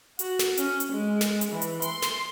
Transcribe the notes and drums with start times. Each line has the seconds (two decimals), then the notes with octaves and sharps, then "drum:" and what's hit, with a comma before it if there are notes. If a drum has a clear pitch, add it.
0.19 F#4, drum: hi-hat
0.39 drum: snare
0.57 C#4, drum: hi-hat
0.80 drum: hi-hat
0.92 G#3
1.21 drum: snare
1.41 drum: hi-hat
1.52 E3
1.62 drum: hi-hat
1.82 C6, drum: hi-hat
2.02 drum: snare